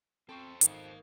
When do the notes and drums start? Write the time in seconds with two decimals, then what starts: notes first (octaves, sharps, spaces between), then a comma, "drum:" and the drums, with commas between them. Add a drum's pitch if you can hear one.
0.29 C4 A4 C5 G5 C6 C#6
0.61 G#1 A#4 F5, drum: hi-hat